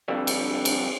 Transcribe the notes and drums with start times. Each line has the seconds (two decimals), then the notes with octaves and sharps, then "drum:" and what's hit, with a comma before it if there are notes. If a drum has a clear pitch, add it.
0.08 F2 D3 G3
0.27 drum: cymbal
0.65 drum: cymbal